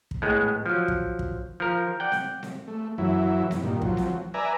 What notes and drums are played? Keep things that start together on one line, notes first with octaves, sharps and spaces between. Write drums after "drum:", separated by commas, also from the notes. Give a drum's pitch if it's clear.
drum: kick
A2 G#3 B3
F3 F#3
drum: kick
drum: kick
F3 A#4
D5 F#5 G5
drum: snare C4
drum: snare C4
A3
F#2 E3 F#3 E4
drum: snare C4
G2 A#2 D#3
F3 F#3, drum: kick
drum: snare C4
B4 D5 E5 G#5 A#5